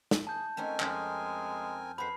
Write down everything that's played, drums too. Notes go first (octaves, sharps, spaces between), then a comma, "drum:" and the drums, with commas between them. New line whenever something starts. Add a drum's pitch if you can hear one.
drum: snare
G#4 A5 G6
A3 C4 C#4 D#4 A#4 G#5
F2 G#3 C#4 D#5 F6, drum: clap
F2 G#4 B4 C5 F#5 B5 C7